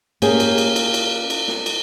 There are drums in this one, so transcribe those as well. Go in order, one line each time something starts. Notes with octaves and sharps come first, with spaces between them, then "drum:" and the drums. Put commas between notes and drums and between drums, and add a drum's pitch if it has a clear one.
A#3 C#4 G4 G#4, drum: cymbal
drum: cymbal
drum: cymbal
drum: cymbal
drum: cymbal
drum: cymbal
drum: snare
drum: cymbal